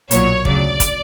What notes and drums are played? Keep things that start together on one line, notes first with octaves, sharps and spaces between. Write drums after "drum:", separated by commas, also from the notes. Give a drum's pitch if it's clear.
B1 A#2 F#3 C#5, drum: hi-hat
D2 C#3 F#3 D5, drum: kick
drum: kick, hi-hat